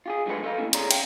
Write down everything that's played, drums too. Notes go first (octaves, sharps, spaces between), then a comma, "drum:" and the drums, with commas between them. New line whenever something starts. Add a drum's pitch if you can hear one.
F4 G4 G#4
G2 F3 G#3 A3 B4 F#5
F3 A4 D#5 F5
A3 A#3 C#4 E4
C#4 G#4 C#5 D5 A#5 C6, drum: hi-hat
E5 F5 G5, drum: cymbal